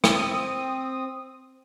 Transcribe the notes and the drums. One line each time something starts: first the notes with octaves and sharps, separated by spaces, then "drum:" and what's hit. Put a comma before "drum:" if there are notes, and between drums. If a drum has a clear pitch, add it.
C4 D#6, drum: rim click